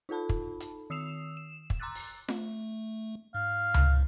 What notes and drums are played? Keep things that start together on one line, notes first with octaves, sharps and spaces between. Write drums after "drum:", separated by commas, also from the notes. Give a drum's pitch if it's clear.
D#4 F4 A4 A5 B5
drum: kick
drum: hi-hat
D#3 D#6 E6 C7 E7 F7
E7
drum: kick
A#5 C6 D6 E6 F#6 A6
drum: open hi-hat
A3, drum: snare F4
G#2 F5
drum: tom C#2